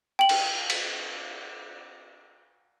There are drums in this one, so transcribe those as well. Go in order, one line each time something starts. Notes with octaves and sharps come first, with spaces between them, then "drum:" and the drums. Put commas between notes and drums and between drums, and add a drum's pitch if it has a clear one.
G5 F#7
drum: cymbal
drum: cymbal